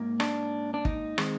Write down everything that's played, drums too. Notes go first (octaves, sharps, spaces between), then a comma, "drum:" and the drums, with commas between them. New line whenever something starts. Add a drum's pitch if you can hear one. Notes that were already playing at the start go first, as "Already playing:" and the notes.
Already playing: G#2 A#3
D4, drum: rim click
D4
D#4, drum: kick
D#3 G#3 C4, drum: rim click